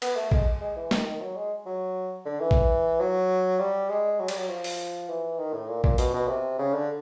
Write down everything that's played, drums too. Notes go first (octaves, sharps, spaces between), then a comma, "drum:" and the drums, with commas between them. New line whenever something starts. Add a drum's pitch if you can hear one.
B3, drum: cymbal
A3
G#3, drum: kick A#1
G#3
E3
D#3, drum: snare
D#3
F#3
G#3
F#3
D3
E3
drum: kick A#1
F#3
G3
G#3
F#3
G3, drum: cymbal
F#3
F3
drum: open hi-hat
E3
D#3
A2
A#2
A#2, drum: kick A#1
B2, drum: hi-hat
B2
C3
C#3
D3